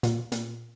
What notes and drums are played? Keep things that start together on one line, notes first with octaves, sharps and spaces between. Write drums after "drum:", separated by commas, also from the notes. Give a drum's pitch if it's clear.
A#2, drum: hi-hat
A#2, drum: hi-hat